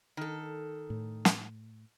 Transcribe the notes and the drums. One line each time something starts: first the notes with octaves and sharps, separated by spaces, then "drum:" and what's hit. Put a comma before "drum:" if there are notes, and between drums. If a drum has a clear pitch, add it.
D#3 A4
A2
drum: snare